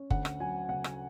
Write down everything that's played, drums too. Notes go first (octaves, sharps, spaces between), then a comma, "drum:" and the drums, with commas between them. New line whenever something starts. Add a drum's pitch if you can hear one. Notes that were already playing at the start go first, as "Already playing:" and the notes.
Already playing: C#4
D2 F#5, drum: kick F#1
drum: rim click
F#3 G#5
C#3 F#5
drum: rim click